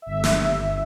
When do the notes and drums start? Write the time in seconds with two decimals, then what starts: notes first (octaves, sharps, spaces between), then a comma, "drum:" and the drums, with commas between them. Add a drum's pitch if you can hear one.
0.02 G1 E5
0.24 drum: snare